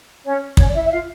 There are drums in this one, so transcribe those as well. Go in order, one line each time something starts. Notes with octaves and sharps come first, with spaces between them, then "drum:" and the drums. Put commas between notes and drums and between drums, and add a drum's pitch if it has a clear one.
C#4 C#5
C#4 C#5, drum: kick
D5
E4 E5
E5
F4 F5